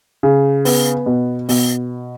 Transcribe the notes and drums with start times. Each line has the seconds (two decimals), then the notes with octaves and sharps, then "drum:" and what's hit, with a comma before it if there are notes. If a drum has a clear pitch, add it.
0.23 C#3
0.65 B3, drum: open hi-hat
1.06 B2
1.49 B2, drum: open hi-hat